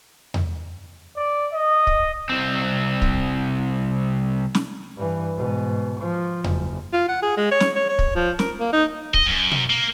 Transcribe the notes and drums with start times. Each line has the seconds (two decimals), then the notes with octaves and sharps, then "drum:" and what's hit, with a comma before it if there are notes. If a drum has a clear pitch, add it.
0.34 drum: tom E2
1.16 D5
1.53 D#5
1.87 drum: kick
2.29 C2 C4
3.02 drum: kick
4.55 drum: snare
4.97 G2 E3
5.36 G#2 B2
6.00 F3
6.44 F#1, drum: tom E2
6.93 F4
7.09 F#5
7.22 G#4
7.37 G#3
7.51 C#5
7.60 drum: snare
7.75 C#5
7.89 C#5
7.99 drum: kick
8.15 F3
8.39 A#4, drum: snare
8.60 A#3
8.72 D#4
9.14 D#5, drum: kick
9.26 F#2
9.52 drum: tom B2
9.70 A#3